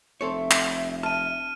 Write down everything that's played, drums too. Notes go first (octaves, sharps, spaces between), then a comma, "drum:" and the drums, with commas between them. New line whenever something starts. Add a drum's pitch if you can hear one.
F1 C4 A4 C#5 E5
drum: clap
A5 F6 D#7